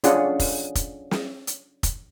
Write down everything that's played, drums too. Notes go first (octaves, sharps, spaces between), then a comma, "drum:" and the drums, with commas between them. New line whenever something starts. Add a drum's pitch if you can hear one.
C#4 D4 F4 G#4 F#5, drum: hi-hat
drum: kick, open hi-hat
drum: kick, hi-hat
drum: snare
drum: hi-hat
drum: kick, hi-hat